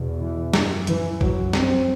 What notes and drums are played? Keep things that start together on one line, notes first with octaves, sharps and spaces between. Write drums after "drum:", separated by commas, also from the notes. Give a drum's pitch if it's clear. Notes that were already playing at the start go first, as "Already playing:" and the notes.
Already playing: E2 B2
E3
F#2, drum: snare
E3, drum: hi-hat
F#2 F#3, drum: kick
C4, drum: snare